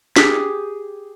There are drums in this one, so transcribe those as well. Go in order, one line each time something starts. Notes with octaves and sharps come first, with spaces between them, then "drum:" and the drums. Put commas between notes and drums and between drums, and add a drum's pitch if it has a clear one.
G4 G#4 B6, drum: snare